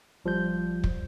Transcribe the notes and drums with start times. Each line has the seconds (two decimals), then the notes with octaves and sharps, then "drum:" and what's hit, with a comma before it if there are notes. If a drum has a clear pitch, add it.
0.24 G#1 F3 G3 G6
0.84 drum: kick